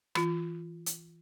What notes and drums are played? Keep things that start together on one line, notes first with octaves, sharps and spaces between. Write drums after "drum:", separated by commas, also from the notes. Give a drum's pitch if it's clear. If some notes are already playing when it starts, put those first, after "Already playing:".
E3 F4, drum: rim click
drum: hi-hat